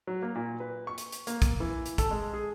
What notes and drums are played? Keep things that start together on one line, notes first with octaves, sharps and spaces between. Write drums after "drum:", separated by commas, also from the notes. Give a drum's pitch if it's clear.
F#3
A#3
A#2
B4
C#6
drum: hi-hat
drum: hi-hat
A#3, drum: hi-hat
drum: kick, hi-hat
E3
drum: hi-hat
A4, drum: kick, hi-hat
G#3
G#4